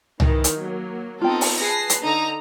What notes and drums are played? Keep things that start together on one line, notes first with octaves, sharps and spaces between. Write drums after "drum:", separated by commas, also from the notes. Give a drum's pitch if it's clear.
D#3 E3 D#4, drum: tom C2
drum: hi-hat
F#3 A#3
B3 C4 D#4 F4 A4 G5
drum: open hi-hat
G#4 B4 A5 A#6 C7
drum: hi-hat
D3 D#4 A#5